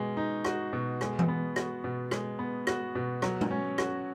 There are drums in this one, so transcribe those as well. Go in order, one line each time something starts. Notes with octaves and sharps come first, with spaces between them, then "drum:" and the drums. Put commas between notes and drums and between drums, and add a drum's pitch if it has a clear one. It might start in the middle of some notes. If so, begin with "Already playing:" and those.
Already playing: B2 G#3
D#4
F#4, drum: rim click
B2
G#3, drum: rim click
drum: tom E3
B3
F#4, drum: rim click
B2
G#3, drum: rim click
B3
F#4, drum: rim click
B2
F#3, drum: rim click
drum: tom G#3
C#4
F#4, drum: rim click